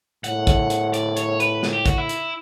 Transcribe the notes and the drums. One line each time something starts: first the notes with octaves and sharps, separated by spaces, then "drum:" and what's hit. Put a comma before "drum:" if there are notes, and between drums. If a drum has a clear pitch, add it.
A2 F#5, drum: hi-hat
drum: kick, hi-hat
drum: hi-hat
D5, drum: hi-hat
C#5, drum: hi-hat
B4, drum: hi-hat
drum: snare
G4
F#4, drum: kick, hi-hat
E4
drum: hi-hat